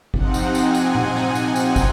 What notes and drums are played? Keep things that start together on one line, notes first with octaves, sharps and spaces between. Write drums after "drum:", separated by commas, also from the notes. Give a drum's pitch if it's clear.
C3 F3 C4 D#4 F#5, drum: kick
drum: tambourine
G#5, drum: tambourine
drum: tambourine
drum: tom A#2
drum: snare
drum: tambourine
drum: tambourine
drum: kick, tambourine